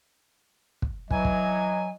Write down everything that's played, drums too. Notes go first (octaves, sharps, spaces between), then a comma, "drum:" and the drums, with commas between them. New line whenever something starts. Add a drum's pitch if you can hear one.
drum: kick
E3 F#3 D#5 G#5, drum: kick
drum: kick